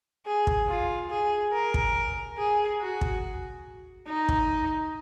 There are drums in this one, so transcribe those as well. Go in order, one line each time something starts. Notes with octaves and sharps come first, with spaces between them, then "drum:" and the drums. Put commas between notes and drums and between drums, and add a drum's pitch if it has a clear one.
G#4
drum: kick
F4
G#4
A#4
drum: kick
G#4
F#4
drum: kick
D#4
drum: kick